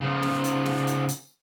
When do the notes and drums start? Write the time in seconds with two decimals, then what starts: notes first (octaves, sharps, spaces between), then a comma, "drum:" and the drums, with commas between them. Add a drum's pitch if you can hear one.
0.01 C#3 F3
0.22 drum: snare
0.44 drum: hi-hat
0.65 drum: snare
0.87 drum: hi-hat
1.09 drum: hi-hat